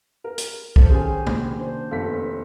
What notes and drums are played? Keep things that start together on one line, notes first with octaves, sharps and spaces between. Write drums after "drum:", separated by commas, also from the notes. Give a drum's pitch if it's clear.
A#4
drum: hi-hat
D#3 A4 C5 F5, drum: kick
C#4 G4 G#4 C5 G#5
A#3 F#4, drum: tom
D4 C5
F1 B3 A4 B6